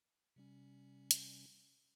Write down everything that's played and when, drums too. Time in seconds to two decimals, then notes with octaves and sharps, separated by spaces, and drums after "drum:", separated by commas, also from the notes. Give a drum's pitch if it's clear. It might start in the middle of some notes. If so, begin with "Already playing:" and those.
0.36 C3 G3 C#4
1.11 drum: hi-hat